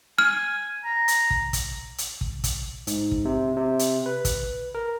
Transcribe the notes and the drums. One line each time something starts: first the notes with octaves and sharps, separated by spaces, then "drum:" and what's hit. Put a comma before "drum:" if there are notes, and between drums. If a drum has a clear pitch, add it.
G#5 F6
A#5
drum: hi-hat
drum: kick
drum: kick, hi-hat
drum: hi-hat
drum: kick
drum: kick, hi-hat
G#2, drum: hi-hat
drum: kick
C3
C3
drum: hi-hat
B4
drum: kick, hi-hat
A#4